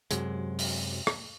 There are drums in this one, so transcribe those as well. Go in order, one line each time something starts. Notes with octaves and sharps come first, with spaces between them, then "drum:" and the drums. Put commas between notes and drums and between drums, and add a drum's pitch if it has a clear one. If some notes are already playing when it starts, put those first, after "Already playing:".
F#2 C3 F#3 G#3, drum: hi-hat
drum: open hi-hat
drum: rim click